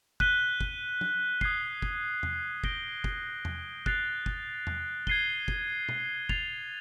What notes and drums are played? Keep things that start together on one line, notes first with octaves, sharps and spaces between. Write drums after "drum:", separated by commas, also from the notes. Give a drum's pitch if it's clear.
F#6 B6 D#7 G7, drum: kick
drum: kick
drum: tom
D#6 G#6 C7, drum: kick
drum: kick
drum: tom E2
G6 A#6 D7 G7, drum: kick
drum: kick
drum: tom E2
F#6 A6 C7 F7, drum: kick
drum: kick
drum: tom E2
G#6 C7 D#7 G7, drum: kick
drum: kick
drum: tom B2
A6 C7 F7, drum: kick